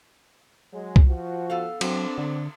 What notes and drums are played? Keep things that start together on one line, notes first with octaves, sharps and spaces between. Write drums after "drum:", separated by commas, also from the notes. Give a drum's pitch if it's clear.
F#3 G#3
drum: kick C2
F3 F#4
B3 A4 F5
F#3 C4 D4, drum: cymbal
D3